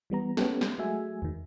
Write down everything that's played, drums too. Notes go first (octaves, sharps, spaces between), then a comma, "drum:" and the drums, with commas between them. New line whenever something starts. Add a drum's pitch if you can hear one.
E3 G3 B3 A#5
B3 C#4 G4 A4, drum: snare
drum: snare
F#3 G#3 A3 F#4 E5 G#5
E2 D#3